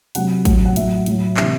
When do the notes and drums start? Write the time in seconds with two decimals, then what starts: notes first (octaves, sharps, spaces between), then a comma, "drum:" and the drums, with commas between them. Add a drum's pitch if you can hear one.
0.15 C3 F#3 F#5, drum: hi-hat
0.45 A2 F#3, drum: kick, hi-hat
0.65 F#5
0.76 A2 F#3 E5, drum: hi-hat
1.06 A2 F#3, drum: hi-hat
1.37 C3 E3 E5, drum: clap